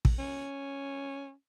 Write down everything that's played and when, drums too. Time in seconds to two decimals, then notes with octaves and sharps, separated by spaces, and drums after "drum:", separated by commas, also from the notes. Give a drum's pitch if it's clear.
0.05 drum: kick
0.19 C#4